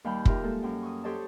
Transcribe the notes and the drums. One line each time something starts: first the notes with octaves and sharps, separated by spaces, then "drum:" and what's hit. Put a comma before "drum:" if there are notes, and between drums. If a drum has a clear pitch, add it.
D#2 G3 F5 G5 B5 G6
D#4 F4 G4 A#4 E5, drum: kick
G#3 A#3 A4
F#2 G5
C#6 D#6
G4 A4 C5 C#5 D#5 A5